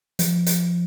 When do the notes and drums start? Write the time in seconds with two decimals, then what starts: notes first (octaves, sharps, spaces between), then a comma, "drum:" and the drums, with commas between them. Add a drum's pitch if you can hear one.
0.19 F3, drum: hi-hat
0.46 drum: hi-hat